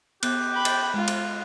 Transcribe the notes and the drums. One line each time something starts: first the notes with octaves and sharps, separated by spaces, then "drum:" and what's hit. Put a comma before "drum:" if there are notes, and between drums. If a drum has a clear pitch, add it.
B3 G4 F#6, drum: cymbal
G5 B5
drum: cymbal
G#3 F4
drum: cymbal